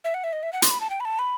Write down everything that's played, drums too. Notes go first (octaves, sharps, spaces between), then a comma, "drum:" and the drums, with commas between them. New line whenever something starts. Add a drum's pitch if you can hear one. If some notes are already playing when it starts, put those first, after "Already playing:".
E5
F#5
E5
D#5
E5
F#5
C6, drum: hi-hat
B5
A5
G5
B5
A5
B5